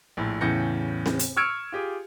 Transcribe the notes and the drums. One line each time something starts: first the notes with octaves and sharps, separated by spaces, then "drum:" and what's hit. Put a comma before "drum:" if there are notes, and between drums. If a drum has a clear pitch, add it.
A#1 A2
E2 A2 C#3 G6 A#6 C#7
drum: snare C4
drum: hi-hat
C#6 E6 F6 G#6 C#7 D7
F4 G4 G#4